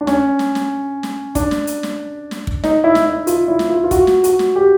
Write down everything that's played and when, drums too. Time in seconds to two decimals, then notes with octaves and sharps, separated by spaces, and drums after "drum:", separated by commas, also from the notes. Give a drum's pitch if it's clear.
0.01 D4
0.07 C#4, drum: snare
0.39 drum: snare
0.55 drum: snare
1.03 drum: snare
1.35 D4, drum: kick, hi-hat
1.51 drum: snare
1.67 drum: hi-hat
1.83 drum: snare
2.31 drum: snare
2.47 drum: kick
2.64 D#4, drum: snare
2.84 E4
2.95 drum: snare
3.06 E4
3.27 F4, drum: hi-hat
3.48 E4
3.59 drum: snare
3.69 F4
3.84 F4
3.91 F#4, drum: kick, hi-hat
4.07 drum: snare
4.24 F#4, drum: hi-hat
4.39 drum: snare
4.56 G4